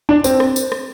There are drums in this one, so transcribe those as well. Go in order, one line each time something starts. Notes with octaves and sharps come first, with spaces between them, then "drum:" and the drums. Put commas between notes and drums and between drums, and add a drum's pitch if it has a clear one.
D4
C4, drum: tambourine
drum: rim click
drum: tambourine
drum: rim click